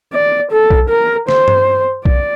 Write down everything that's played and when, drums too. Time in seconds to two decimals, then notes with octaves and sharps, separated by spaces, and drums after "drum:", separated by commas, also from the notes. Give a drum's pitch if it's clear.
0.13 D5
0.51 A4
0.70 drum: kick B1
0.89 A#4
1.28 C5, drum: snare
1.48 drum: tom G2
2.05 D5, drum: kick B1